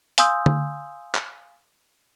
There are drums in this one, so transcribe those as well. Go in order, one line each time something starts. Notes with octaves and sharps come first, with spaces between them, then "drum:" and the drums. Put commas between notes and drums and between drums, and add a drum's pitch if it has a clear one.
F5 G#5 C6 D#6 E6 G6, drum: hi-hat
drum: tom D3
drum: clap